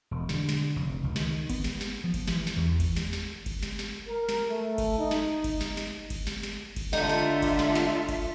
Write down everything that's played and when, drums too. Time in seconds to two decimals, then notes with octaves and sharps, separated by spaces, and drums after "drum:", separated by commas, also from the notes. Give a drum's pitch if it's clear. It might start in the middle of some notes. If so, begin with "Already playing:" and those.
0.11 E1
0.29 D3, drum: snare
0.49 drum: snare
0.76 F1
1.04 C#2
1.16 D#3, drum: snare
1.50 B3, drum: kick G1, cymbal
1.64 drum: snare
1.81 drum: snare
2.04 F3
2.14 drum: kick G1, cymbal
2.28 E3, drum: snare
2.47 drum: snare
2.57 E2
2.80 drum: kick G1, cymbal
2.96 drum: snare
3.13 drum: snare
3.46 drum: kick G1, cymbal
3.63 drum: snare
3.79 drum: snare
4.08 A#4
4.29 drum: snare
4.49 A3
4.78 drum: kick G1, cymbal
4.99 D#4
5.11 drum: snare
5.44 drum: kick G1, cymbal
5.61 drum: snare
5.77 drum: snare
6.10 drum: kick G1, cymbal
6.27 drum: snare
6.43 drum: snare
6.76 drum: kick G1, cymbal
6.93 D3 A3 D4 D#4 F4 D#5 E5, drum: snare
7.09 drum: snare
7.42 drum: kick G1, cymbal
7.59 drum: snare
7.75 drum: snare
8.09 drum: kick G1, cymbal